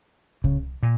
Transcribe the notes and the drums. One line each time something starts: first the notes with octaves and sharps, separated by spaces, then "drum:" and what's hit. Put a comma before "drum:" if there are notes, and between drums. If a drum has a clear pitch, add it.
C#3, drum: kick C2
A#2